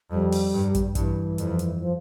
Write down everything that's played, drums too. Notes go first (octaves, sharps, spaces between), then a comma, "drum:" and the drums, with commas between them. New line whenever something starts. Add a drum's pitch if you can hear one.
F2 G3
drum: open hi-hat
G2
drum: kick, hi-hat
G2 E3, drum: kick, hi-hat
F2, drum: hi-hat
drum: hi-hat
F3